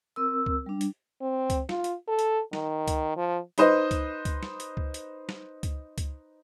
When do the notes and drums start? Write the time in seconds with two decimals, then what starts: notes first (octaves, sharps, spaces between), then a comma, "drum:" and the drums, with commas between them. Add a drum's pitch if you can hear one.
0.16 C4 A#4 E6
0.46 drum: kick C#2
0.66 G3 D4
0.81 drum: hi-hat
1.21 C4
1.50 drum: kick C#2, hi-hat
1.69 F4, drum: snare
1.84 drum: hi-hat
2.08 A4
2.19 drum: hi-hat
2.53 D#3, drum: snare
2.88 drum: kick C#2, hi-hat
3.17 F3
3.58 D#4 B4 C5 D#5, drum: hi-hat
3.91 drum: kick C#2, hi-hat
4.25 drum: kick C#2, hi-hat
4.43 drum: snare
4.60 drum: hi-hat
4.77 drum: kick C#2
4.94 drum: hi-hat
5.29 drum: snare
5.63 drum: kick C#2, hi-hat
5.98 drum: kick C#2, hi-hat